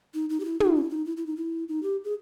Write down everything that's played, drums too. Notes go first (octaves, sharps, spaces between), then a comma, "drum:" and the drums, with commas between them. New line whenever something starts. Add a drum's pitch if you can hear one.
D#4
D#4
G4
E4
D#4, drum: tom
E4
D#4
E4
E4
D#4
E4
D#4
G4
G#4